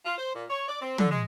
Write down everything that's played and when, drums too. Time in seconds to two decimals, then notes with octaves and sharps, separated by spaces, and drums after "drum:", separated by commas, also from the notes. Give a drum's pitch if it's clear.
0.05 F4
0.17 C5
0.35 A#2
0.49 C#5
0.68 D5
0.82 C4
0.98 D3, drum: tom
1.11 G#3